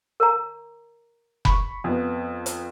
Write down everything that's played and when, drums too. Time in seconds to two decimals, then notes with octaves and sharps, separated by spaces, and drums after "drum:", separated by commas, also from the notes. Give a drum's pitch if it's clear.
0.20 A#4 C#5 A#5
1.45 B5 C#6, drum: kick F1
1.84 F2 B3
2.46 drum: hi-hat